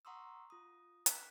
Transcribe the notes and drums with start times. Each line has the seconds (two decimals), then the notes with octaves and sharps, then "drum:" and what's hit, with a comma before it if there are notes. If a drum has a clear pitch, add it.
0.05 F#5 A#5 C6 C#6 D#6 E6
0.50 F4 D#6
1.06 D5 F6 F#6 B6, drum: hi-hat